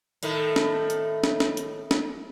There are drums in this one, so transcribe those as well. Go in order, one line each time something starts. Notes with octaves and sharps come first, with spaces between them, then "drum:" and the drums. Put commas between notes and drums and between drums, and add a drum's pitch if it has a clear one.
A2 D#3 A3, drum: hi-hat
drum: snare
drum: hi-hat
drum: snare
drum: snare
drum: hi-hat
drum: snare